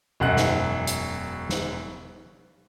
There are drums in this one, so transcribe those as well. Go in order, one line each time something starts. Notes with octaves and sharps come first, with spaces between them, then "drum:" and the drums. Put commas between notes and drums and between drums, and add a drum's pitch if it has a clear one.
E1 F#2 F#5 F#6
drum: snare
drum: hi-hat
drum: snare